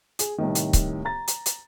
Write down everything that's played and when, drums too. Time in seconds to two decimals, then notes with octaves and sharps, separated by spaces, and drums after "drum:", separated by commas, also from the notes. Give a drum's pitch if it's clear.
0.19 G#4, drum: hi-hat
0.38 C2 A2 D#3
0.55 drum: hi-hat
0.73 drum: kick C#1, hi-hat
1.05 A#5 A6
1.28 drum: hi-hat
1.46 drum: hi-hat